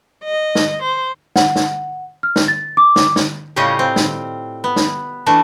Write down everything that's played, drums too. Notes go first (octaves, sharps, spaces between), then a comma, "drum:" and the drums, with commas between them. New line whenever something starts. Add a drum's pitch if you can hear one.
D#5
drum: snare
C5
F#5, drum: snare
drum: snare
F6
drum: snare
A6
D6
drum: snare
drum: snare
A2 C#3 G3 C#4 F4 D#5
C4
drum: snare
B3
drum: snare
E3 A3 D4 F#4